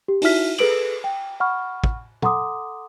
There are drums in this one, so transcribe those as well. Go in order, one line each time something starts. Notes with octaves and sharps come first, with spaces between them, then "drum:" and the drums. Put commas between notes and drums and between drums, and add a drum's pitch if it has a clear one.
G4
D#4 E4 F#4 E5 F6 B6, drum: open hi-hat
G#4 A4 B4 D7 F#7, drum: cymbal
G5
F#5 B5 C#6 F6
drum: kick
A4 F#5 A#5 C6 D6 D#6, drum: tom